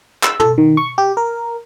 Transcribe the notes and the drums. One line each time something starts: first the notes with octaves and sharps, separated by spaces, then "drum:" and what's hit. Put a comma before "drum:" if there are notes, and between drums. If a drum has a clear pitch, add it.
E6, drum: clap
A4, drum: tom
D#3
C#6
G4
A#4